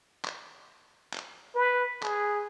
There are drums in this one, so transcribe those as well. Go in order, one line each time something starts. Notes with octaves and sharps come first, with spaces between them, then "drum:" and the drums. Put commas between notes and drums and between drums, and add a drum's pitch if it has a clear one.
drum: clap
drum: clap
B4
G#4, drum: clap